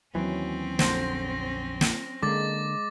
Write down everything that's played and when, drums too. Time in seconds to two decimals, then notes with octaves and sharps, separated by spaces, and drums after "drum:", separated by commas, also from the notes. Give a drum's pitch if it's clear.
0.15 D#2 E3 F#3 C4 C#4
0.79 A#1 F2 D3 C5 A#6, drum: snare
1.81 drum: snare
2.22 D3 G#3 A#3 D6 A6